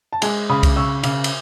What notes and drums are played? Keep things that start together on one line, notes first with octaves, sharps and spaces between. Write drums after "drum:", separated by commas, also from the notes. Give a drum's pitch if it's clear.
A5
G#3 G#5, drum: cymbal
C#3 B5 D#6
drum: kick C2, cymbal
C#3 C#6 E6
C#3, drum: cymbal
drum: cymbal